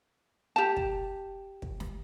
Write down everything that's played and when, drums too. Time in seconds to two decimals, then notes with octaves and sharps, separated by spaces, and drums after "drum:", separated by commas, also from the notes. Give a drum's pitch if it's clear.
0.56 G4 A5
0.77 drum: kick
1.62 drum: kick
1.80 drum: snare